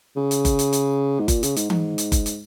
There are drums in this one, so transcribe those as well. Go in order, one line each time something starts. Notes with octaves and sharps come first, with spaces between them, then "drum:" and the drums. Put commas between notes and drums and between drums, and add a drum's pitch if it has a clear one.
C#3
drum: hi-hat
drum: kick F#1, hi-hat
drum: hi-hat
drum: hi-hat
G#2
A#2, drum: kick F#1, hi-hat
C#3, drum: hi-hat
G#2, drum: hi-hat
G#2, drum: tom E3
drum: hi-hat
drum: kick F#1, hi-hat
drum: hi-hat